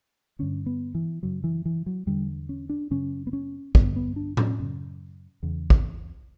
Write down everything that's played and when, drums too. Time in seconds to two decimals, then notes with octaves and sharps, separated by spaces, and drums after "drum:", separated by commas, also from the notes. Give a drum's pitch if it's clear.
0.39 G2 D3 C#4
0.66 B3
0.95 E3
1.23 F#2 C#3 F#3
1.44 E3
1.65 E3
1.86 F#3
2.07 E2 D3 G3
2.49 C#4
2.69 D4
2.91 F#2 C#3 C#4
3.27 B3
3.33 C#4
3.75 G2 D3 B3, drum: kick
3.96 B3
4.16 D4
4.37 C#4, drum: tom A2
4.59 F#2 C#3
5.43 E2 C#3
5.70 drum: kick